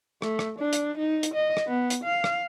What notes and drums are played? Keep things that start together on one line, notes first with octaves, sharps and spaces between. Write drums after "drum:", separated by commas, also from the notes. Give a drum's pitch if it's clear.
A3, drum: rim click
drum: rim click
D4
drum: hi-hat
D#4
drum: hi-hat
D#5
drum: rim click
B3
drum: hi-hat
F5
drum: rim click